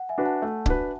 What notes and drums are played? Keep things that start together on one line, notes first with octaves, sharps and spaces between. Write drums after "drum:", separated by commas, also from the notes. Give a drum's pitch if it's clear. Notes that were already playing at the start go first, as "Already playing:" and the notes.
Already playing: F#5
E5 G#5
D4 F#4 B4
F#5 A5
A3
D4 F#4 B4, drum: kick C#1